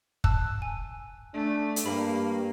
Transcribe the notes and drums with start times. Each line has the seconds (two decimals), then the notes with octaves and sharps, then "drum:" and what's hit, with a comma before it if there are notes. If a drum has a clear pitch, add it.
0.24 A5 E6 F#6, drum: kick
0.62 G#5
1.34 A3 D4
1.76 drum: hi-hat
1.86 G2 A#3 B5